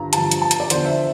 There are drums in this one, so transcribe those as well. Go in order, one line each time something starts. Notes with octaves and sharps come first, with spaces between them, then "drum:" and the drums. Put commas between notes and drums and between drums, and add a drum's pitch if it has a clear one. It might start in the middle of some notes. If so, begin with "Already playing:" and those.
Already playing: G2 D3 F3 A#5
G2 D3 F3 A5, drum: hi-hat
drum: hi-hat
A5
drum: hi-hat
D5
E2 D3 F3 C5, drum: hi-hat
E5